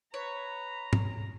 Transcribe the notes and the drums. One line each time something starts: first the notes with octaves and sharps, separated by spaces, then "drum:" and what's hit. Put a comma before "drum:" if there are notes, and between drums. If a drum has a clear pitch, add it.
B4 C#5 A#5
drum: tom